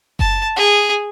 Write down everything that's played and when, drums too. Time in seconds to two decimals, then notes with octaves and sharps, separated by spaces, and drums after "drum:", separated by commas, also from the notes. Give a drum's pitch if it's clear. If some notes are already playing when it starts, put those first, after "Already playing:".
0.19 A5, drum: kick F#1
0.56 G#4